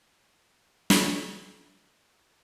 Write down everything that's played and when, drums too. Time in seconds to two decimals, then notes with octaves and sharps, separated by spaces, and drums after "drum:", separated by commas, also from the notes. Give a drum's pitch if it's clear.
0.90 G3 G#3 C#4 E4 B4 C#5, drum: snare